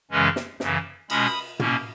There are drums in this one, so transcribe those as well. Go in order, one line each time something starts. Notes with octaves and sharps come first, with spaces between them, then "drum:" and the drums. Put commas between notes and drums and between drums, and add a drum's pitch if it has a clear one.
F#2 C#3 E3 G#3 C#4
drum: snare
F#2 C#3 E3, drum: snare
B2 G#3 C#4 B5 D#6, drum: cymbal
B2 A#3 C#4, drum: tom